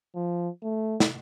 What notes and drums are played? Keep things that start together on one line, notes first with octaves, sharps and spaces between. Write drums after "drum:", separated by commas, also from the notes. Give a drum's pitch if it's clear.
F3
A3
drum: snare